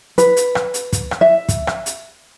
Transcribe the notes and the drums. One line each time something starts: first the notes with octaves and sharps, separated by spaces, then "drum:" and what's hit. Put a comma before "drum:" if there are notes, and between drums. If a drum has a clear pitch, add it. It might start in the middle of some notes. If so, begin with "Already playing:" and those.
B4, drum: hi-hat
drum: hi-hat
drum: rim click
drum: hi-hat
drum: kick, hi-hat
drum: rim click
E5
drum: kick, hi-hat
drum: rim click
drum: hi-hat